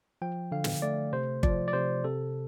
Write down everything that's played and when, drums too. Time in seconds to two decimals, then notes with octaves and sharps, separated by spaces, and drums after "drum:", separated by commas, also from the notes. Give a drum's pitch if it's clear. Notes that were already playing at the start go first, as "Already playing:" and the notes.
0.22 F3 G5
0.52 D3 F5
0.64 drum: snare
0.82 A3 D5
1.13 C3 C5
1.43 F3 D5, drum: kick G1
1.68 D5
1.73 C3 C5
2.04 C3 A4